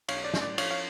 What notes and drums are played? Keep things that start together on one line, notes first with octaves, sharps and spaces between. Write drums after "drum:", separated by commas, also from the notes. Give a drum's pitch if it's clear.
B1 C#5 F5, drum: cymbal
D5
A2, drum: snare
D5
F3 C#5 F5, drum: cymbal
C#5 F5